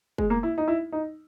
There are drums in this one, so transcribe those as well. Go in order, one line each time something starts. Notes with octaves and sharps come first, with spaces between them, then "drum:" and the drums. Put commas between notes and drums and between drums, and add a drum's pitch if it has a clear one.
G#3, drum: kick
A#3
E4
D#4
E4
D#4